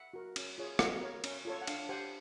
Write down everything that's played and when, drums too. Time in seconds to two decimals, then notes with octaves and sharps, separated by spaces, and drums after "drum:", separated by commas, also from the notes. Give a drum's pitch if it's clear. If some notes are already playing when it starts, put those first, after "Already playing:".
Already playing: E5 F#5
0.14 F#4 A#4
0.36 C#4, drum: cymbal
0.58 F4 G#4 C#5
0.79 F#4 D#5 F5, drum: rim click
1.01 A#4 C#5
1.24 C#4, drum: cymbal
1.45 F4 A4 C#5
1.61 F#5
1.67 D4 F5 G5, drum: cymbal
1.89 G4 C5 F#5 G#5